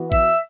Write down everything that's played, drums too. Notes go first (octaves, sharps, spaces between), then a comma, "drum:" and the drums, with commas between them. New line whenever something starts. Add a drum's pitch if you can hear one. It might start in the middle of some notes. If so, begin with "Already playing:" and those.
Already playing: E3 B3 F#4
E5, drum: kick G#1